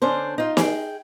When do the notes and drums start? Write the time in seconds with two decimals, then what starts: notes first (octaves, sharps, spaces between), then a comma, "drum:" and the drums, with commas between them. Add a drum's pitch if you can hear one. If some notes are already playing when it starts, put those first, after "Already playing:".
0.02 D3 C#4 D4 C5
0.38 D#4 F4
0.57 G#4 G5, drum: snare